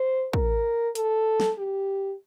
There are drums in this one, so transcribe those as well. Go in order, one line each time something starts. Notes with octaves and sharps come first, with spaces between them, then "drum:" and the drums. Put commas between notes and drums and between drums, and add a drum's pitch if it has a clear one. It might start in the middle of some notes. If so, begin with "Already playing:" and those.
Already playing: C5
A#4, drum: kick
A4, drum: hi-hat
drum: snare
G4